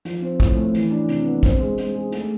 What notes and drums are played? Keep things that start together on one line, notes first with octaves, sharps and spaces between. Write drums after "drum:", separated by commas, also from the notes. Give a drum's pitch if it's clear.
F3, drum: hi-hat
C4
A2, drum: kick, hi-hat
A3
E3, drum: hi-hat
D4
C3, drum: hi-hat
B3
C4, drum: kick, hi-hat
G#3
G#3, drum: hi-hat
G#4
A3, drum: hi-hat